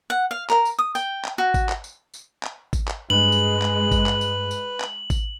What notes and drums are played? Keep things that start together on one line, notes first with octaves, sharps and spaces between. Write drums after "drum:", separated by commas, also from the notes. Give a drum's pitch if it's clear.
F#5
F5
A#4, drum: clap
drum: tambourine
D#6
G5, drum: tambourine
drum: clap
F#4
drum: kick G#1, tambourine
drum: clap
drum: tambourine
drum: tambourine
drum: clap
drum: kick G#1, tambourine
drum: clap
G2 G#3 B4 F#7
drum: tambourine
drum: clap
drum: kick G#1, tambourine
drum: clap
drum: tambourine
drum: tambourine
drum: clap
drum: kick G#1, tambourine